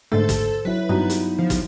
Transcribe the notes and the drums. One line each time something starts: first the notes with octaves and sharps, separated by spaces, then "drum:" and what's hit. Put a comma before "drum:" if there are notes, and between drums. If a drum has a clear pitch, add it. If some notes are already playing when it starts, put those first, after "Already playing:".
G#2 D3 A3 A4 C5
drum: kick, hi-hat
F#3 E4 B4
G2 B3 D#4 F#4
drum: hi-hat
F3
drum: kick, hi-hat